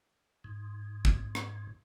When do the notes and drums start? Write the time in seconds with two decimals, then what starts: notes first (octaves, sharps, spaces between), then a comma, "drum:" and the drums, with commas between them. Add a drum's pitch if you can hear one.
0.44 G#2
1.05 drum: kick
1.35 drum: rim click